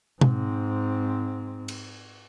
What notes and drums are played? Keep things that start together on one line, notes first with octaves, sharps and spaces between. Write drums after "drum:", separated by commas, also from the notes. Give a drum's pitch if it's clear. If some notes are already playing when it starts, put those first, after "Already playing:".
G#2 C4, drum: tom B2
drum: cymbal